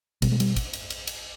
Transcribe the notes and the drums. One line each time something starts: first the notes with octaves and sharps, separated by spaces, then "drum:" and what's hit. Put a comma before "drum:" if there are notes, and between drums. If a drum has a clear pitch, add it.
B2 G3, drum: kick, cymbal
G#3
G3, drum: cymbal
drum: kick, cymbal
drum: cymbal
drum: cymbal
drum: cymbal